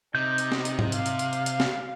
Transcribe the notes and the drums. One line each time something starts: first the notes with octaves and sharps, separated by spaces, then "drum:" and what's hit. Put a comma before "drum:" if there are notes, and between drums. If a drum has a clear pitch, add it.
C3 D#4 G6
drum: hi-hat
drum: snare
drum: hi-hat
drum: tom G#2
F5, drum: hi-hat
drum: hi-hat
drum: hi-hat
drum: hi-hat
drum: hi-hat
drum: snare